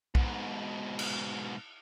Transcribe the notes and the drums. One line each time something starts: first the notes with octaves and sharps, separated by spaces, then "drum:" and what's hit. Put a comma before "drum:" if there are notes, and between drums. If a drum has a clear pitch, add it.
G#2 B2, drum: kick
drum: cymbal